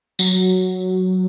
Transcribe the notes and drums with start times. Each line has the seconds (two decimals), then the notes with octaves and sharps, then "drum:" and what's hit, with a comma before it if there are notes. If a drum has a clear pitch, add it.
0.19 F#3, drum: tambourine